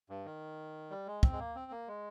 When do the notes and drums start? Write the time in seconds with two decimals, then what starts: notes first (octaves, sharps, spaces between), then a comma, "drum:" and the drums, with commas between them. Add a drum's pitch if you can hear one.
0.10 G2
0.26 D#3
0.91 G3
1.07 G#3
1.23 C4, drum: kick
1.33 G#3
1.39 A#3
1.55 C4
1.71 A#3
1.88 G#3